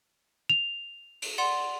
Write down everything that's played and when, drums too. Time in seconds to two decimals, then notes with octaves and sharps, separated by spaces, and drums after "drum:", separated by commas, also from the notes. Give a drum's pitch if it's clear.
0.49 F7
1.22 drum: open hi-hat
1.38 D5 F#5 C6